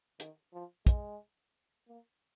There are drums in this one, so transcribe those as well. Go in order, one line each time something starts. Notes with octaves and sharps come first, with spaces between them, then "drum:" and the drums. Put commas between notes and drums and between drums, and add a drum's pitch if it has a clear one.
D#3, drum: hi-hat
F3
G#3, drum: kick, hi-hat
A#3